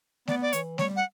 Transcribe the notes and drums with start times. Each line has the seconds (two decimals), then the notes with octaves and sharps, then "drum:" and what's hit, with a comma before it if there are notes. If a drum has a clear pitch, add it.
0.27 B3 D5, drum: snare A3
0.42 D5
0.53 E3 C#5, drum: hi-hat
0.78 G3 C#5, drum: snare A3
0.96 F#5